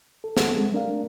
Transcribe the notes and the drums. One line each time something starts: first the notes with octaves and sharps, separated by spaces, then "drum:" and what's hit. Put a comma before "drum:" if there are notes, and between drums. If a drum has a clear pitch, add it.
A4
G#4 A4 E5 F#5, drum: snare
G#3 C4 A4
G3 A3 D4 A#4 F5